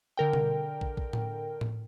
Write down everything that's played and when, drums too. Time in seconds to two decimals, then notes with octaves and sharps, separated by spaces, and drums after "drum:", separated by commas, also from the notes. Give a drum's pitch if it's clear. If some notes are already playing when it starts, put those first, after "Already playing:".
0.17 D3 A#4 G5
0.33 drum: tom B2
0.81 drum: kick
0.97 drum: kick
1.13 drum: tom A2
1.61 drum: tom A2